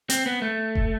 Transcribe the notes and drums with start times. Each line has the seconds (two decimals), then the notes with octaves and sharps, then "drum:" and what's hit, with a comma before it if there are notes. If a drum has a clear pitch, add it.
0.10 C4, drum: hi-hat
0.26 B3
0.42 A3
0.75 drum: kick F1